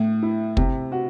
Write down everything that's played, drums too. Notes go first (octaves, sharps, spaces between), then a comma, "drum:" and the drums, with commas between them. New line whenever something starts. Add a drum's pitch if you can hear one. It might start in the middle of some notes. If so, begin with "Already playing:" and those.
Already playing: A2
E4
C3, drum: kick
F#4